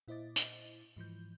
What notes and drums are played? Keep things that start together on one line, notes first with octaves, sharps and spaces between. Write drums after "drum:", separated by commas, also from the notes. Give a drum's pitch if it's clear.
A#2 E4 C5 D#5 D6 A6
drum: hi-hat
G#2 E3 F3 G6